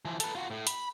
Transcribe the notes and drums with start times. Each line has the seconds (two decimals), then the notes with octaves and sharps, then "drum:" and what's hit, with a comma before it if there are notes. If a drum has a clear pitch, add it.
0.05 E3 F3
0.20 A4 B4, drum: hi-hat
0.35 F4 F#4
0.51 A2
0.67 B5, drum: hi-hat